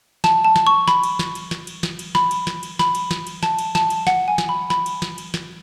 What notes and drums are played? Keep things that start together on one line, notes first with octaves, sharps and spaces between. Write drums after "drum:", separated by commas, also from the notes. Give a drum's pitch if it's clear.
A5, drum: snare
A5
drum: snare
C#6
B5, drum: snare
drum: cymbal
drum: snare
drum: cymbal
drum: snare
drum: cymbal
drum: snare
drum: cymbal
B5, drum: snare
drum: cymbal
drum: snare
drum: cymbal
B5, drum: snare
drum: cymbal
drum: snare
drum: cymbal
A5, drum: snare
drum: cymbal
A5, drum: snare
drum: cymbal
F#5, drum: snare
G#5
drum: snare
B5
B5, drum: snare
drum: cymbal
drum: snare
drum: cymbal
drum: snare